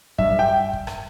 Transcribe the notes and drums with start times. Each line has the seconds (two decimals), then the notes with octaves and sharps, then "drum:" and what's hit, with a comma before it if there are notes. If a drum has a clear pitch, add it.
0.18 G2 E5, drum: kick
0.39 G5
0.73 drum: kick
0.87 drum: rim click